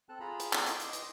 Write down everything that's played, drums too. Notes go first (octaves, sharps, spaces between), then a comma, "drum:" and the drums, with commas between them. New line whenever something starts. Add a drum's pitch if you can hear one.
C4 A4 A5 F#6
F4 G#4 A#5 B5
drum: hi-hat
drum: clap
D#5 C6 D6, drum: hi-hat
drum: hi-hat
drum: hi-hat